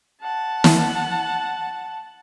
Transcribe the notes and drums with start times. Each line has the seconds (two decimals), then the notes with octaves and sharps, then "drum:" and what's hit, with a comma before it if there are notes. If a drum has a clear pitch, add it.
0.22 F#5 A5
0.64 drum: snare